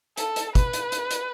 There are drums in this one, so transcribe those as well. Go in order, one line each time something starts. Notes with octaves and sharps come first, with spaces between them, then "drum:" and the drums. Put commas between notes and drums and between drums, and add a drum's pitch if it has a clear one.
A4, drum: hi-hat
drum: hi-hat
B4, drum: kick, hi-hat
drum: hi-hat
drum: hi-hat
drum: hi-hat